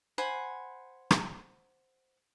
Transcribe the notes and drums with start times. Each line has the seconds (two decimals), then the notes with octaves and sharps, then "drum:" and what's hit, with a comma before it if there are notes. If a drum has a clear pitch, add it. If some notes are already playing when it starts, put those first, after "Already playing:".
0.18 C5 F#5 G#5 B5
1.11 drum: rim click